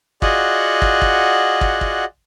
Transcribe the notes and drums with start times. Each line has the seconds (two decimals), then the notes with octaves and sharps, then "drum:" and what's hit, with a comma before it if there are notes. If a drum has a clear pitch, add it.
0.22 F4 F#4 G#4 D5 D#5 F#5, drum: kick
0.82 drum: kick
1.02 drum: kick
1.61 drum: kick
1.81 drum: kick